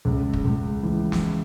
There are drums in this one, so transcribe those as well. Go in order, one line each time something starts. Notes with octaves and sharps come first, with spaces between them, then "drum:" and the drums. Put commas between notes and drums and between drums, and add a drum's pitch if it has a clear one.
C#2
drum: kick
C#2
E3
drum: snare